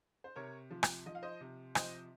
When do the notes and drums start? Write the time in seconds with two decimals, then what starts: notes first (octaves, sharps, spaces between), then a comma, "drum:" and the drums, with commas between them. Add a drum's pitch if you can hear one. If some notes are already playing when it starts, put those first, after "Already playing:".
0.24 C5
0.36 C3 A#4 C#5
0.71 F3
0.83 drum: rim click
1.06 F3 D#5
1.15 F5
1.23 C5 D#5
1.41 C3
1.75 F3 C5 D#5, drum: rim click